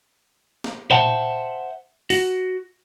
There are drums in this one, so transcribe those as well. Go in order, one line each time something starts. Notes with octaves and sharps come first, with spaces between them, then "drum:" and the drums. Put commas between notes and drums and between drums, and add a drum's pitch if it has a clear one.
drum: snare
C5 E5 F#5 G5 A5, drum: tom A#2
F#4, drum: open hi-hat